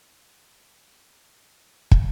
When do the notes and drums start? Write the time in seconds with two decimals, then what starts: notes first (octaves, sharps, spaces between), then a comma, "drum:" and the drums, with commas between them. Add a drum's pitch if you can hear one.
0.09 C#4
0.17 E4
0.25 C#3 F#3 C#4
0.90 C#3 E3 G#3 B3
1.12 C#4
1.33 B3
1.55 C#3 E3 G#3 C#4
1.91 drum: kick